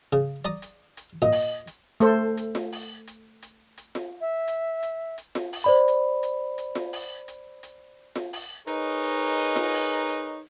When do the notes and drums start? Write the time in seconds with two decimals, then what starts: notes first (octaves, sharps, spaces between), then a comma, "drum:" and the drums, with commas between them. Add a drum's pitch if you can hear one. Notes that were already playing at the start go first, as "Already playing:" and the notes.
0.13 C#3
0.45 D5 A#5 D#6
0.62 drum: hi-hat
0.97 drum: hi-hat
1.22 A#2 D#5
1.32 drum: open hi-hat
1.67 drum: hi-hat
2.00 A3 A4 C5, drum: hi-hat
2.37 drum: hi-hat
2.55 drum: snare F4
2.72 drum: open hi-hat
3.07 drum: hi-hat
3.42 drum: hi-hat
3.78 drum: hi-hat
3.95 drum: snare F4
4.21 E5
4.48 drum: hi-hat
4.83 drum: hi-hat
5.18 drum: hi-hat
5.35 drum: snare F4
5.53 drum: open hi-hat
5.64 C5 D5 B5
5.88 drum: hi-hat
6.23 drum: hi-hat
6.58 drum: hi-hat
6.75 drum: snare F4
6.93 drum: open hi-hat
7.28 drum: hi-hat
7.63 drum: hi-hat
8.16 drum: snare F4
8.33 drum: open hi-hat
8.67 D#4 G#4 A#4 B4 C#5 D#5, drum: hi-hat
9.03 drum: hi-hat
9.38 drum: hi-hat
9.56 drum: snare F4
9.73 drum: open hi-hat
10.08 drum: hi-hat